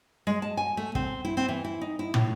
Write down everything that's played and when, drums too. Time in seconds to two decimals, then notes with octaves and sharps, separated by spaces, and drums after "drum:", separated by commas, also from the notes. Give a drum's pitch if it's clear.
0.27 G#3
0.42 A5
0.57 G#5
0.77 A3
0.95 C4, drum: kick
1.25 E4
1.37 C4
1.48 E3
1.65 E4
1.81 D#4
1.99 E4
2.14 A2, drum: tom